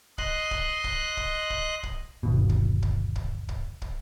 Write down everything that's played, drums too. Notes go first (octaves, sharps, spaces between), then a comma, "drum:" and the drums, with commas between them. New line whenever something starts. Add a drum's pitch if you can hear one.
D#5 C6 F#6, drum: kick
drum: kick
drum: kick
drum: kick
drum: kick
drum: kick
G1 D#2 B2
drum: kick
drum: kick
drum: kick
drum: kick
drum: kick